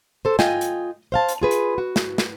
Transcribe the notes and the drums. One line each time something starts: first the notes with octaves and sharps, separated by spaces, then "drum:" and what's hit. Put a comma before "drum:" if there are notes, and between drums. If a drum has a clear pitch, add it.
A4 C5
F4 D#5 G5 G#5, drum: snare
drum: hi-hat
C5 F5 A5
drum: hi-hat
F4 G#4 B4
drum: hi-hat
F#4
drum: snare
drum: snare